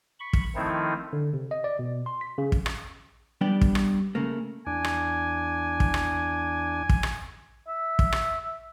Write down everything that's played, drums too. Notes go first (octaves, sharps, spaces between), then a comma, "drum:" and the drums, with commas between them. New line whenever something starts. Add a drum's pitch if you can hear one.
B5 C#6
drum: kick
D#3 F3 A3 C4 D#4 E4
D3
C3
D#5
D5
B2
C6
B6
C#3
drum: kick
drum: rim click
G3 B3 D4 G4
drum: kick
drum: rim click
C#3 A3 A#3
E2 D4 G#5
drum: rim click
drum: kick
drum: rim click
drum: kick
drum: rim click
E5
drum: kick
drum: rim click